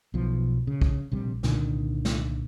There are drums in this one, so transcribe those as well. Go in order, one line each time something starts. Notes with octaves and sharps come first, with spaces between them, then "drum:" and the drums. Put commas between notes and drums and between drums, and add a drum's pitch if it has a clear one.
B1 B2 F3
C#3
drum: kick
A#1 C3 G3
C2 A#2 D3 D#3, drum: snare
drum: snare